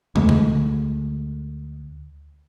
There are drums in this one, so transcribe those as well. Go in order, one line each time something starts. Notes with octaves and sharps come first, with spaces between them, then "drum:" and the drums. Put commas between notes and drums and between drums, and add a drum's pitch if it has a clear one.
D2 G#3, drum: tom
drum: tom D3